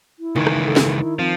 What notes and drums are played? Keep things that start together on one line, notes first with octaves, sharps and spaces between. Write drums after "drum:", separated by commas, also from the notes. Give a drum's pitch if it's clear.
E4
C#2 D#3 E3
drum: rim click
A4
drum: snare
E4
F3 C4